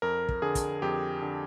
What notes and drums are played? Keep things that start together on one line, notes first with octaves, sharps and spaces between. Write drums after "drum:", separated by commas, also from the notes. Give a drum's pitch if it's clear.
F2 A#4
drum: kick
D3 G#4
drum: kick, hi-hat
F2 G4
D3